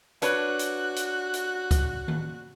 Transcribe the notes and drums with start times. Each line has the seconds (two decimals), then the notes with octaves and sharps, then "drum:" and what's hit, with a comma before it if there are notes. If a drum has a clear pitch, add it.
0.22 D4 F#4 B4 C#5 F#6, drum: hi-hat
0.59 drum: hi-hat
0.96 drum: hi-hat
1.34 drum: hi-hat
1.71 drum: kick, hi-hat
2.08 drum: tom D#3